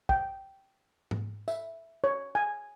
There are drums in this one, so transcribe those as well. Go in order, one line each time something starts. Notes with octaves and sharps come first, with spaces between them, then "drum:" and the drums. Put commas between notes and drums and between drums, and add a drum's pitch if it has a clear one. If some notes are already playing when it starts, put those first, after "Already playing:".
G5, drum: kick
drum: tom G#2
E5, drum: tambourine
C#5
G#5